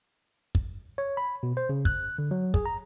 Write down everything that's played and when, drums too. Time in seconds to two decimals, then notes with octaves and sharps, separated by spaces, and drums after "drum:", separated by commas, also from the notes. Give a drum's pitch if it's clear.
0.55 drum: kick
0.98 C#5
1.17 B5
1.43 B2
1.57 C5
1.69 C#3
1.85 F#6, drum: kick
2.18 D3
2.31 F#3
2.54 G#4, drum: kick
2.66 A#5